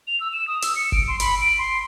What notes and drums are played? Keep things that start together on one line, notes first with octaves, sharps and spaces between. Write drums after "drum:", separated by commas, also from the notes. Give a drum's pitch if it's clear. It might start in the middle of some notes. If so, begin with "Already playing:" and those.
F7
E6
E7
D#6
E6, drum: hi-hat
C#7
D7, drum: kick F#1
C6
B5, drum: hi-hat
D7
C6